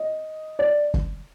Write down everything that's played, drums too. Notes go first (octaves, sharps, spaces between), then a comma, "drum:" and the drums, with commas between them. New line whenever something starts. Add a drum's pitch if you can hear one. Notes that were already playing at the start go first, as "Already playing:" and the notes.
Already playing: D#5
D5
drum: kick